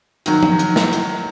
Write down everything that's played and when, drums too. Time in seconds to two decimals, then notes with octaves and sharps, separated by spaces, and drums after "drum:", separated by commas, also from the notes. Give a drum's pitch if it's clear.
0.26 D#3 F#3, drum: hi-hat
0.43 drum: tom F3
0.59 drum: hi-hat
0.76 drum: snare
0.93 drum: hi-hat